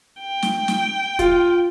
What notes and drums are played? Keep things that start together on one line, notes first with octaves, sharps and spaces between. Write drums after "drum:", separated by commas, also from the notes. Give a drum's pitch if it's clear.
G5
drum: snare
drum: snare
F4, drum: kick, hi-hat